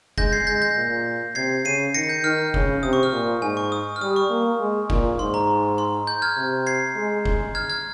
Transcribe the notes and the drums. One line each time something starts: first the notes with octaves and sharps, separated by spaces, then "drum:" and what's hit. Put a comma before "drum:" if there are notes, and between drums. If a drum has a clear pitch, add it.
G#3 G6 A#6, drum: kick F1
G#6 C7
G#3 G6 A#6
G6 A#6
A#2
C3 G#6 C7
C#3 C7 D#7
D#3 A#6 C#7
G6
D#3 F6
C#3, drum: kick F1
C3 D#6
C#6
F6
A#2
G#2 G#5
C#6
D#6
F6
G3 D#6
C#6
A#3
G#3
A#2, drum: kick F1
G#2 C6
A#5
C6
G6
F6 G#6
C3
G#6 C7
G#3
drum: kick F1
F6 G#6
F6 G#6